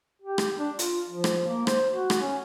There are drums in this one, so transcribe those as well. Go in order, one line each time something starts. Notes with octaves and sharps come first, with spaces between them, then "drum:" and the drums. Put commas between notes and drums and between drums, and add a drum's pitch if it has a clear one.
G4
drum: rim click
D4
F4, drum: hi-hat
F3
drum: rim click
A#3
C5, drum: rim click
F#4
drum: rim click
C#4